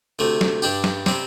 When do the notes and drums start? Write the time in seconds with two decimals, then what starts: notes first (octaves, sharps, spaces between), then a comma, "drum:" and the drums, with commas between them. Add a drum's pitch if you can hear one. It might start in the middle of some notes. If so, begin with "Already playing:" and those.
0.19 D2 C3 A3
0.41 drum: snare
0.62 G2 G3 D4 G4
0.84 drum: snare
1.06 C3 G3 C4, drum: snare